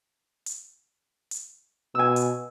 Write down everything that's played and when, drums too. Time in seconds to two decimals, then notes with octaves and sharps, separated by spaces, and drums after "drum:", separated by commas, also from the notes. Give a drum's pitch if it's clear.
0.46 drum: hi-hat
1.31 drum: hi-hat
1.95 B2 G#5 E6
2.16 drum: hi-hat